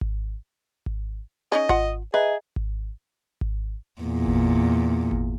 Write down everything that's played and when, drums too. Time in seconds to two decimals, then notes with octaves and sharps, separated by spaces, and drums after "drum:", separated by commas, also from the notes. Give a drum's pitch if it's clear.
0.01 drum: kick G#1
0.86 drum: kick G#1
1.52 C#4 D#4 G#4 D#5
1.69 F4 F#5, drum: kick G#1
2.14 G#4 B4 D#5 E5 A#5
2.56 drum: kick G#1
3.41 drum: kick G#1
4.01 E2 A#2
4.26 drum: kick G#1
5.11 drum: kick G#1